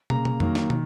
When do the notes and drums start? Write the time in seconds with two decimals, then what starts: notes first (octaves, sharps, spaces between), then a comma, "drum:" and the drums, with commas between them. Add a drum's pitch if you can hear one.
0.10 C#3 A#3 A#5, drum: tom
0.25 drum: tom
0.40 D#3 F#3 A#3, drum: tom F2
0.55 drum: snare
0.70 D#3, drum: tom